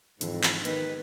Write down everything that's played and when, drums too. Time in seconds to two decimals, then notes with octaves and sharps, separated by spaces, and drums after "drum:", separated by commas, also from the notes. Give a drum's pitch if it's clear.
0.21 F2 G#2 D3 E3, drum: hi-hat
0.43 drum: clap
0.65 D#3 B3 D#4 G4 B4, drum: hi-hat